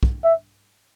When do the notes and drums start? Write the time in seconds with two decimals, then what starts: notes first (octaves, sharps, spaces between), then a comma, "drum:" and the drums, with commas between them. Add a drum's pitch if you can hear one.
0.03 drum: kick
0.24 E5